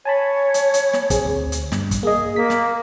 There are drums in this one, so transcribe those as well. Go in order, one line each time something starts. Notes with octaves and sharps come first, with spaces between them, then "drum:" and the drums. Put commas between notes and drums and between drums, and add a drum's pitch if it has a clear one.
C#5 G#5 A5 B5
drum: hi-hat
drum: hi-hat
drum: snare
C4 G#4, drum: kick, hi-hat
D2
drum: hi-hat
G2, drum: snare
drum: kick, hi-hat
A#3 G#4 D#5
A#3 B6
drum: snare